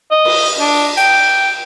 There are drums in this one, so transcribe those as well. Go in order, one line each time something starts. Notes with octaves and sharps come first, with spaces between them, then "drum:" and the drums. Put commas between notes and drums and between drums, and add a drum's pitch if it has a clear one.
D#5
drum: cymbal
D4
G5, drum: hi-hat